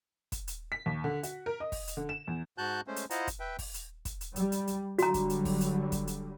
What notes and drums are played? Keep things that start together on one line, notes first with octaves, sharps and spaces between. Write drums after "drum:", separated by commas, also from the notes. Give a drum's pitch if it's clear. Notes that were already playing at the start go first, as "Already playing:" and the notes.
drum: kick, hi-hat
drum: hi-hat
B6
D#2
D3
F#4, drum: hi-hat
A#4
D#5
drum: kick, open hi-hat
drum: hi-hat
D3
E7
E2
G#2 F#4 A5 F#6 G6
G#3 A3 C#4 C5
drum: hi-hat
E4 F4 C5 D#5 F#5 A#5, drum: hi-hat
drum: kick, hi-hat
B4 E5 G5
drum: kick, open hi-hat
drum: hi-hat
drum: kick, hi-hat
drum: hi-hat
G3, drum: hi-hat
drum: hi-hat
drum: hi-hat
D3 F#3 G3 F#4 A#5, drum: hi-hat
drum: kick, hi-hat
drum: hi-hat
drum: kick, open hi-hat
drum: hi-hat
drum: kick, hi-hat
drum: hi-hat